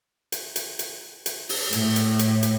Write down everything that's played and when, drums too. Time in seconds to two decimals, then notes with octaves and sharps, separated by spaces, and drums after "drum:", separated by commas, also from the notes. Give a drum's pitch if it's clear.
0.32 drum: hi-hat
0.56 drum: hi-hat
0.79 drum: hi-hat
1.26 drum: hi-hat
1.49 drum: open hi-hat
1.72 A2, drum: hi-hat
1.96 drum: hi-hat
2.19 drum: hi-hat
2.43 drum: hi-hat